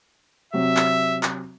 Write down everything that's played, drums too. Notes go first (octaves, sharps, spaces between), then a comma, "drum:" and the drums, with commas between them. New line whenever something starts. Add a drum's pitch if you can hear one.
C3 F#3 C4 E5
drum: clap
drum: clap